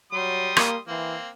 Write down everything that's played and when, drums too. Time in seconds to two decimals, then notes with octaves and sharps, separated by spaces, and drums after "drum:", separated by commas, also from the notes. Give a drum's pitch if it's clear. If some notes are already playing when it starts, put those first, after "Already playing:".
0.12 F#3 G3 C6 D#6
0.56 A#3, drum: rim click
0.88 E3 A#3 C4